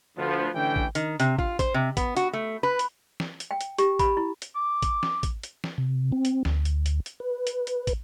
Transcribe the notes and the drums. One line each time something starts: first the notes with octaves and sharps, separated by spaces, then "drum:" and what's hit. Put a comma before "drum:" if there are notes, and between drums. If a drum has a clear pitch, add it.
D2 F3 B3
A1 D3 E3 C#4 G5
drum: kick
D#3, drum: hi-hat
C3, drum: hi-hat
F4, drum: kick
C5, drum: kick, hi-hat
C3
B3, drum: kick, hi-hat
F#4, drum: hi-hat
A3
B4
drum: hi-hat
drum: snare
drum: hi-hat
G5
drum: hi-hat
G4, drum: hi-hat
B5, drum: kick, hi-hat
E4
drum: hi-hat
D6
drum: kick, hi-hat
drum: snare
drum: kick, hi-hat
drum: hi-hat
drum: snare
C3
C4
drum: hi-hat
D2, drum: snare
drum: hi-hat
drum: hi-hat
drum: hi-hat
B4
drum: hi-hat
drum: hi-hat
drum: kick, hi-hat